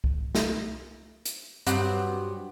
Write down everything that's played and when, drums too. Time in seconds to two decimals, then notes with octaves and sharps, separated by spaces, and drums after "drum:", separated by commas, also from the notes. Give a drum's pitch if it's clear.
0.04 drum: kick C2
0.35 drum: snare
1.26 drum: hi-hat
1.67 G2 F#3 B3 C4 G4 F#5, drum: hi-hat